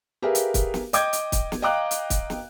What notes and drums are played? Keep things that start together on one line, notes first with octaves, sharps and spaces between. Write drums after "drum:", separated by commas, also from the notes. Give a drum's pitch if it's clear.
G4 G#4 A#4 B4 E5 F5
drum: hi-hat
drum: kick, hi-hat
drum: snare
D#5 G5 D6 G6 G#6, drum: hi-hat
drum: hi-hat
drum: kick, hi-hat
drum: snare
D#5 F5 G5 A#5 D6 F#6
drum: hi-hat
drum: kick, hi-hat
drum: snare